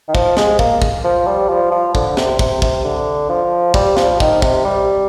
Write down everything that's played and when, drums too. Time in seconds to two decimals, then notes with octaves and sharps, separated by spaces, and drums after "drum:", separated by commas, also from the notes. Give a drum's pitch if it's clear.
0.08 D#3
0.15 F3, drum: kick
0.37 G#3, drum: snare
0.59 A#3, drum: kick
0.82 drum: kick
1.04 F3
1.27 G3
1.49 F3
1.71 F3
1.95 D3, drum: kick
2.17 C3, drum: snare
2.39 C3, drum: kick
2.62 C3, drum: kick
2.84 D3
3.29 F3
3.74 G3, drum: kick
3.97 F3, drum: snare
4.20 D#3, drum: kick
4.42 C3, drum: kick
4.65 G3